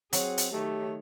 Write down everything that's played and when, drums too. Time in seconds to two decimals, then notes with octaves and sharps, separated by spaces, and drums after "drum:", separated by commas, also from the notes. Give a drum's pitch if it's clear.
0.13 F#3 C4 G#4 F#5, drum: hi-hat
0.38 drum: hi-hat
0.52 D#3 A3 G4 C#5